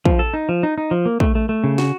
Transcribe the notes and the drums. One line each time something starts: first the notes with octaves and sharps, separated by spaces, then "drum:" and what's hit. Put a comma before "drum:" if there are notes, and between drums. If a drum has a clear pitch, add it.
F3, drum: kick
A4
D#4
F3
D#4
D#4
F3
A#3
A3, drum: kick
A3
A3
C#3
F#4, drum: snare